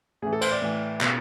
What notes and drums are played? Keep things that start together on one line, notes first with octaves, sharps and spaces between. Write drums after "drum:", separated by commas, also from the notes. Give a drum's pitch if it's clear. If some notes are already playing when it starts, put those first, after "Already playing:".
A2 E3 G#4
A4
C5, drum: cymbal
D5
A2 E3
B2, drum: clap